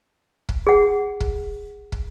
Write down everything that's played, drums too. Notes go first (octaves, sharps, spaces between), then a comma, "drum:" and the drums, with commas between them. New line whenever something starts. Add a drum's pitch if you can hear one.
drum: kick
G#4 F#5
drum: kick
drum: kick